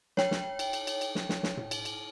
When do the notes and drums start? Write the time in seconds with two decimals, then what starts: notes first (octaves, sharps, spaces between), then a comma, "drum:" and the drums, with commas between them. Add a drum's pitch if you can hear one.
0.17 C#5 G5, drum: snare
0.31 drum: snare
0.59 drum: cymbal
0.73 drum: cymbal
0.87 drum: cymbal
1.01 drum: cymbal
1.15 drum: snare
1.29 drum: snare
1.43 drum: snare
1.57 drum: tom A2
1.71 drum: cymbal
1.85 drum: cymbal